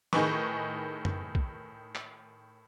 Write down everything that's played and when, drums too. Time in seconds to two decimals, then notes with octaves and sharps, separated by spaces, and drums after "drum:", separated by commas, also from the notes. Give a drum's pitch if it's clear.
0.13 A2 D#3 D#4 G#4 B4 C#6, drum: snare
1.05 drum: tom F#2
1.35 drum: kick A#1
1.95 drum: clap